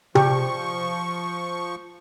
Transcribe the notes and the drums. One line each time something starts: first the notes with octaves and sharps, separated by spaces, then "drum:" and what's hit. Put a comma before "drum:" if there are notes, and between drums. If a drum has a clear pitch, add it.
F3 G4 C#6, drum: tom C3